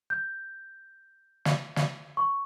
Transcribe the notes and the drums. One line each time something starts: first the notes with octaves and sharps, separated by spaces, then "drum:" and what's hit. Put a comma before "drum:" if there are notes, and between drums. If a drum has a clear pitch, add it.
G6
drum: snare
drum: snare
C#6